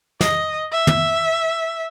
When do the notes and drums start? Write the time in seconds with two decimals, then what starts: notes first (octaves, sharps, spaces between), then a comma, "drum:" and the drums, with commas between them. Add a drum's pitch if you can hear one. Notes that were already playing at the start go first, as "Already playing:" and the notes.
0.21 D#5, drum: snare
0.72 E5
0.87 drum: tom